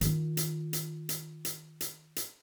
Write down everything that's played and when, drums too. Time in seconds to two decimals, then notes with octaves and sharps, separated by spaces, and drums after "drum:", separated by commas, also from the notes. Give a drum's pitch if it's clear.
0.01 D#3 F4, drum: hi-hat
0.37 drum: hi-hat
0.73 drum: hi-hat
1.09 drum: hi-hat
1.45 drum: hi-hat
1.81 drum: hi-hat
2.16 drum: hi-hat